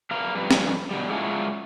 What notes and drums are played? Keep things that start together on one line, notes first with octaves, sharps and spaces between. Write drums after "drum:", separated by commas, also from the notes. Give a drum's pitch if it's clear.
F#2 D4 B4 F5 A#5
F2 G3 B4
drum: snare
B2 D3 G3
F#3 G#3 C#4 D4 E4 F4